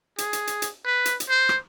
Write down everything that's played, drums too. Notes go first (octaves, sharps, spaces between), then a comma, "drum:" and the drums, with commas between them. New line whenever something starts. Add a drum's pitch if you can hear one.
G#4, drum: hi-hat
drum: hi-hat
drum: hi-hat
drum: hi-hat
B4
drum: hi-hat
drum: hi-hat
C5
drum: rim click